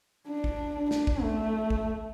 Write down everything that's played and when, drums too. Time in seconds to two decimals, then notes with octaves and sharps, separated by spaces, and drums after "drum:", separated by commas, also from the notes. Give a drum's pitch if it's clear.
0.28 D4
0.44 drum: kick
0.91 D4, drum: snare
1.07 drum: kick
1.23 A3
1.70 drum: kick